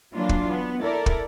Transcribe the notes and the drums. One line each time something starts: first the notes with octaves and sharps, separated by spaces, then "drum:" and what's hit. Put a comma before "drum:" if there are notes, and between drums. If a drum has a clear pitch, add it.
E3 F#3 A#3 D4 F4
drum: kick
B3
E4 A4 A#4 D5
drum: kick